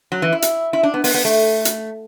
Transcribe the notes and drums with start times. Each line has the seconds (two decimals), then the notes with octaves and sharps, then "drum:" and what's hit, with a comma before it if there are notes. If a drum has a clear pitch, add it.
0.12 F#3
0.22 E3
0.32 E4
0.42 drum: hi-hat
0.73 E4
0.83 D4
0.94 B3
1.04 B3, drum: open hi-hat
1.14 B3
1.25 A3
1.65 drum: hi-hat